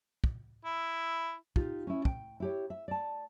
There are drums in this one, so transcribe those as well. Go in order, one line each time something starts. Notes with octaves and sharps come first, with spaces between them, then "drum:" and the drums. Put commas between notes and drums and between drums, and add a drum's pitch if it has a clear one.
drum: kick
E4
D#4 F4 G4, drum: kick
C#4 E4
G5, drum: kick
E4 G4 C#5
E5
D5 A5